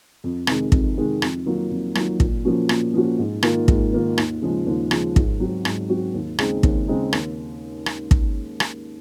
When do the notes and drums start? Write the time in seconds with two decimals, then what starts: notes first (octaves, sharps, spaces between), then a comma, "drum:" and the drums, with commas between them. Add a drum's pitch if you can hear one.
0.24 F2
0.47 C3 D#3 G#3, drum: rim click
0.72 F2, drum: kick
0.97 C3 D#3 G#3
1.22 F2, drum: rim click
1.46 D#3 F#3 A#3 F4
1.71 F2
1.95 D#3 F#3 A#3 F4, drum: rim click
2.20 A#2, drum: kick
2.45 F3 A#3 C#4 F#4
2.69 A#2, drum: rim click
2.94 F3 A#3 C#4 F#4
3.19 G#2
3.43 D#3 A#3 F4, drum: rim click
3.68 G#2, drum: kick
3.93 D#3 A#3 F4
4.18 D#2, drum: rim click
4.42 C#3 F3 G#3
4.67 D#2
4.91 C#3 F3 G#3, drum: rim click
5.16 G#2, drum: kick
5.40 F#3 C4 F#4
5.65 G#2, drum: rim click
5.89 F#3 C4 F#4
6.14 D#2
6.39 C#3 G#3 C4 D#4, drum: rim click
6.63 D#2, drum: kick
6.88 C#3 G#3 C4 D#4
7.13 D#2, drum: rim click
7.86 drum: rim click
8.11 drum: kick
8.60 drum: rim click